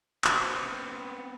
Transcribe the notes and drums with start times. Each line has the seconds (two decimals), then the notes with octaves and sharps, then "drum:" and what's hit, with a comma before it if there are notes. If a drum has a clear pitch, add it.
0.24 B3 C4, drum: clap